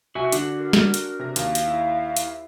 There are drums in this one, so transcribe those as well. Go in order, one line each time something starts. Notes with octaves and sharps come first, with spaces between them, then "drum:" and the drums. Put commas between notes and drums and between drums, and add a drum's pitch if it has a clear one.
C2 F#4 E5 G#5
D3 D4 F#4, drum: hi-hat
A#4
drum: snare
drum: hi-hat
C3 A#4 A#6
D#2 F5, drum: hi-hat
drum: hi-hat
E4
drum: hi-hat